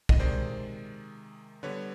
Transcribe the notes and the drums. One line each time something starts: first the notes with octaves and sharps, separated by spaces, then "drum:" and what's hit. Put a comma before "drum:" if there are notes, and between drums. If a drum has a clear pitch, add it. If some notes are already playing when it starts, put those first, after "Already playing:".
D#5, drum: kick B1
C3 D#3 G#3 C5 D5
D3 G3 B3 B4 C#5